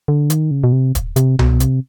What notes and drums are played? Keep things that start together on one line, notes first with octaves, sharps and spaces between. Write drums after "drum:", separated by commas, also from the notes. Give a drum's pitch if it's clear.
D3
D#3, drum: hi-hat
C#3
B2
C3
drum: kick, hi-hat
C3, drum: hi-hat
B2, drum: tom C2
C3, drum: hi-hat